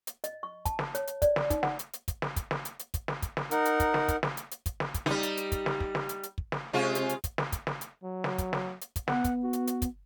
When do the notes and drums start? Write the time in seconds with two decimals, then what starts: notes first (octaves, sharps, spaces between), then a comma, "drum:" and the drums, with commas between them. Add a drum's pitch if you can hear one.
0.07 drum: hi-hat
0.24 D#5, drum: hi-hat
0.43 C#6
0.65 A5, drum: kick, hi-hat
0.79 drum: snare
0.95 C#5, drum: hi-hat
1.07 drum: hi-hat
1.22 D5, drum: kick, hi-hat
1.36 drum: snare
1.50 D#4, drum: kick, hi-hat
1.63 F#5, drum: snare
1.79 drum: hi-hat
1.93 drum: hi-hat
2.08 drum: kick, hi-hat
2.22 drum: snare
2.36 drum: kick, hi-hat
2.51 drum: snare
2.65 drum: hi-hat
2.79 drum: hi-hat
2.94 drum: kick, hi-hat
3.08 drum: snare
3.22 drum: kick, hi-hat
3.37 drum: snare
3.51 D#4 A#4 F#5, drum: hi-hat
3.65 drum: hi-hat
3.80 drum: kick, hi-hat
3.94 drum: snare
4.08 drum: kick, hi-hat
4.23 drum: snare
4.37 drum: hi-hat
4.51 drum: hi-hat
4.66 drum: kick, hi-hat
4.80 drum: snare
4.94 drum: kick, hi-hat
5.06 G3 D#4, drum: snare
5.23 drum: hi-hat
5.37 drum: hi-hat
5.52 drum: kick, hi-hat
5.66 drum: snare
5.80 drum: kick
5.95 drum: snare
6.09 drum: hi-hat
6.23 drum: hi-hat
6.38 drum: kick
6.52 drum: snare
6.73 C3 G#3 F4
6.95 drum: hi-hat
7.09 drum: hi-hat
7.24 drum: kick, hi-hat
7.38 drum: snare
7.52 drum: kick, hi-hat
7.67 drum: snare
7.81 drum: hi-hat
8.03 F#3
8.24 drum: snare
8.38 drum: kick, hi-hat
8.53 drum: snare
8.81 drum: hi-hat
8.96 drum: kick, hi-hat
9.08 B3 F#5, drum: snare
9.24 drum: kick, hi-hat
9.43 F#4
9.53 drum: hi-hat
9.67 drum: hi-hat
9.82 drum: kick, hi-hat